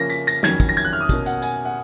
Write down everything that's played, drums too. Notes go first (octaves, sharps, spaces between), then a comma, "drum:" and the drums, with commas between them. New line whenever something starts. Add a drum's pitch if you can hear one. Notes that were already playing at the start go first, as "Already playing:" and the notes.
Already playing: C#3 F3 A#3 C#4 A#6
B6, drum: tambourine
A#6, drum: tambourine
F2 D#3 F#3 C#4 G#6, drum: snare
drum: kick, tambourine
A#6
G#6, drum: tambourine
F#6
F6
D#6
B2 A#3 C#4, drum: kick, tambourine
F#5, drum: tambourine
G#5, drum: tambourine
F#5